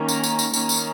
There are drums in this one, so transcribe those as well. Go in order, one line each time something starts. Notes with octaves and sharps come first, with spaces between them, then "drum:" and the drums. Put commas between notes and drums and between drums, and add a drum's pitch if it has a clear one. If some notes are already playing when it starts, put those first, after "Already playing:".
Already playing: D#3 A#3 C#4
A#5, drum: tambourine
drum: tambourine
drum: tambourine
D#3 A#3 C#4 A#5, drum: tambourine
drum: tambourine